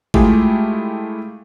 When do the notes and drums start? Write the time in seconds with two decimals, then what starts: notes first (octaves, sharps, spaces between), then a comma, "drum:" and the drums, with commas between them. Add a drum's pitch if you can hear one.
0.14 G#3 A3 E4 F4 G4 G#4, drum: kick G#1